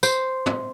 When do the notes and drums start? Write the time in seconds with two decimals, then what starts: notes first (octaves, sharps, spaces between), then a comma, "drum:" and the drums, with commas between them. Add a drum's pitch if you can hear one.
0.03 C5, drum: tambourine
0.46 drum: tom